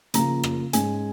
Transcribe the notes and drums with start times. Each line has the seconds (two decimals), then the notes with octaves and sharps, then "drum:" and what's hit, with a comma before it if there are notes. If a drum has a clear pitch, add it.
0.14 C#3 F3 A#3 F4 A#5, drum: hi-hat
0.43 drum: rim click
0.73 G#2 G#3 C#4 G#5, drum: hi-hat